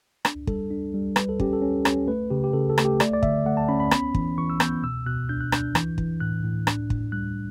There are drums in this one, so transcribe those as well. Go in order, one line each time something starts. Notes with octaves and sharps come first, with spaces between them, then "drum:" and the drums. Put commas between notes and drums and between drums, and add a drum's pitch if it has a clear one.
D4, drum: rim click
G3 A4, drum: kick
D4
G3
G3 B4, drum: rim click
A4
C#4 G4, drum: kick
A4
C#4
C#4, drum: rim click
A3 B4
C#3 G4
G4
C#3 A4
A4
A3, drum: rim click
G4
A3 D5, drum: rim click
D5
D3 E5, drum: kick
A3 F#5
A5
C#4 B5
B5
B3 B5, drum: rim click
E3, drum: kick
E3 C#6
E6
B3 G6, drum: rim click
B2 E6
B2 F#6
D4 G6
F#6
D4 G6, drum: rim click
E3, drum: rim click
E3, drum: kick
A2 F#6
A2
D4, drum: rim click
A2, drum: kick
G3 F#6